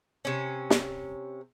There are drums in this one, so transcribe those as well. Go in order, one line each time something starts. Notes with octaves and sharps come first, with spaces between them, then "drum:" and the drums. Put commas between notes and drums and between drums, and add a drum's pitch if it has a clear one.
C3 C#4
drum: snare